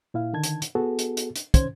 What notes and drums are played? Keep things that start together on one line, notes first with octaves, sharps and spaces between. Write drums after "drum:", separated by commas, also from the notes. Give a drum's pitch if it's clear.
A#2 E4 F5
D3 D#3 A5 G#6
drum: hi-hat
drum: hi-hat
B3 F#4 G#4 A4
drum: hi-hat
drum: hi-hat
drum: hi-hat
C2 D#3 C#4 C5 G#6, drum: kick, hi-hat